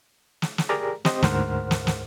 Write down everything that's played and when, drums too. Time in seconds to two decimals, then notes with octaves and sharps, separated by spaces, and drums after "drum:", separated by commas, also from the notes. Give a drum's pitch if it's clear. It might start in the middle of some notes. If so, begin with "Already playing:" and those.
0.42 drum: snare
0.58 drum: snare
0.69 G4 G#4 A#4 D5 A#5
1.05 C4 G4 C5 D#5, drum: snare
1.22 D2 G#2 A#4 C5 F#5 F6, drum: snare
1.71 drum: snare
1.87 drum: snare